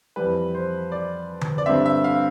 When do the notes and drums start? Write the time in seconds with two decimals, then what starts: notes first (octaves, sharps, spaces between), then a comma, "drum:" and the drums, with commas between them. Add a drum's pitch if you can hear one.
0.16 F2 E3 G3 B4
0.55 C5
0.92 D5
1.41 drum: tom D3
1.58 D5
1.66 G2 D3 G3 C4 E5
1.86 E5
2.04 F5